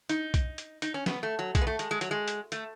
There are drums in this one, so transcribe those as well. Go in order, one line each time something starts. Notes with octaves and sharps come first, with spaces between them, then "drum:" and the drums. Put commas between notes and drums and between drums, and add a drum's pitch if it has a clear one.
D#4, drum: hi-hat
drum: kick B1, hi-hat
drum: hi-hat
D#4, drum: hi-hat
C#4
B3, drum: snare
A3
F#3
G#3, drum: kick B1, hi-hat
B3
A3
G#3, drum: hi-hat
G#3
F#3, drum: hi-hat
G#3
drum: hi-hat
A3, drum: hi-hat